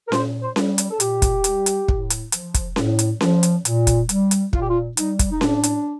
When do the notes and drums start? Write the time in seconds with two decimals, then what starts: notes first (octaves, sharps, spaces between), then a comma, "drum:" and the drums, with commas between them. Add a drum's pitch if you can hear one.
0.08 A#4
0.12 A#2 C5, drum: snare C#4
0.41 C5
0.56 G3, drum: snare C#4
0.78 drum: hi-hat
0.91 A4
1.00 A#2 G4, drum: hi-hat
1.22 drum: kick, hi-hat
1.44 G3, drum: hi-hat
1.66 drum: hi-hat
1.88 A2, drum: kick
2.10 drum: hi-hat
2.32 F3, drum: hi-hat
2.54 drum: kick, hi-hat
2.76 A2, drum: snare C#4
2.99 drum: hi-hat
3.21 F3, drum: snare C#4
3.43 drum: hi-hat
3.65 A#2, drum: hi-hat
3.87 drum: kick, hi-hat
4.09 G3, drum: hi-hat
4.31 drum: hi-hat
4.53 A#2 F4, drum: kick
4.61 G4
4.69 F4
4.97 G3 D#4, drum: hi-hat
5.19 drum: kick, hi-hat
5.31 D#4
5.41 A2 D4, drum: snare C#4
5.63 drum: hi-hat